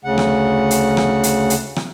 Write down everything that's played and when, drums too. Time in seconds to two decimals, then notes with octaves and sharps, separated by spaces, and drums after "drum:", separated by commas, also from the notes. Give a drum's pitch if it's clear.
0.04 D2 C#3 F#5
0.18 drum: rim click
0.71 drum: hi-hat
0.97 drum: rim click
1.23 drum: hi-hat
1.50 drum: hi-hat
1.76 drum: rim click